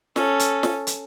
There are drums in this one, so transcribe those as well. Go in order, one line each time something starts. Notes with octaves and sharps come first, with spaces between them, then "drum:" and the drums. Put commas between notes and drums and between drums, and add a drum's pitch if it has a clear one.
C#4 A4, drum: snare
drum: hi-hat
drum: snare
drum: hi-hat